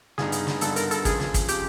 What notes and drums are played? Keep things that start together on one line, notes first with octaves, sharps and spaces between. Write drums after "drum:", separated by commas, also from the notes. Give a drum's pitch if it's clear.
G2 D3 G3 B3 D#4 G#4, drum: snare
drum: hi-hat
drum: snare
G2 D3 G3 B3 D#4 A4, drum: hi-hat
A#4, drum: hi-hat
A4, drum: hi-hat
C#2 C#3 F3 G#4, drum: kick, hi-hat
drum: snare
drum: kick, hi-hat
C#3 F3 G4, drum: hi-hat